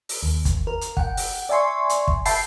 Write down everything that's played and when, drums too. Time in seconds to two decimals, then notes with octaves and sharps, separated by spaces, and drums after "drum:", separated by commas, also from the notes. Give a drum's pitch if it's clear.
0.09 drum: open hi-hat
0.23 D#2
0.45 drum: kick, hi-hat
0.67 A#4
0.81 drum: hi-hat
0.97 F#5 G5, drum: kick
1.17 drum: open hi-hat
1.49 D5 E5 G#5 C6 C#6
1.89 drum: hi-hat
2.08 drum: kick
2.26 E5 G5 A5 B5 C7, drum: open hi-hat